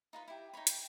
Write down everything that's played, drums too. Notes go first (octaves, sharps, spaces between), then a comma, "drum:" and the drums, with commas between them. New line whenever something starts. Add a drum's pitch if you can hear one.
D#4 F4 B4
E4 G4
D#4 E4 C#5 B5
G5, drum: hi-hat